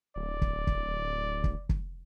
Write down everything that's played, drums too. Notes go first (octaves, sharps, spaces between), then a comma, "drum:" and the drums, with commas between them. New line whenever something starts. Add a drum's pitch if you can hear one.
D1 D5
drum: kick
drum: kick
drum: kick
drum: kick